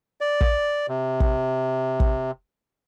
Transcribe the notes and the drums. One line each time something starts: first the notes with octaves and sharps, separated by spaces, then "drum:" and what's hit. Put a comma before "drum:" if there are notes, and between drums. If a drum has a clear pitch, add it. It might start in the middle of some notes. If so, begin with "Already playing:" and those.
D5
drum: kick
C3
drum: kick
drum: kick